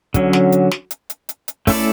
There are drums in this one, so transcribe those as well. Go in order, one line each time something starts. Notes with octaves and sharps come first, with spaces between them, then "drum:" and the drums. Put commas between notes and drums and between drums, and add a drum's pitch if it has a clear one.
D3 F#3 C#4, drum: kick, hi-hat
drum: snare
drum: hi-hat
drum: snare
drum: hi-hat
drum: hi-hat
drum: hi-hat
drum: hi-hat
A3 C#4 E4 A4 D5, drum: kick, open hi-hat